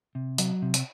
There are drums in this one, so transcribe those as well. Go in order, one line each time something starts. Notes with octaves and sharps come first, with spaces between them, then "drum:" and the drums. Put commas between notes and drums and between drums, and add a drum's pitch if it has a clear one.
C3
F#3, drum: hi-hat
C3
drum: hi-hat